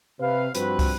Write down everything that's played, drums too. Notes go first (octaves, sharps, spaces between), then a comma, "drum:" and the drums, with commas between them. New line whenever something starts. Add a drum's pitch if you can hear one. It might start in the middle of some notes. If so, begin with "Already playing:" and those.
C3 B4 F5
G2 F3 C4 F#4 B4, drum: hi-hat
drum: kick, open hi-hat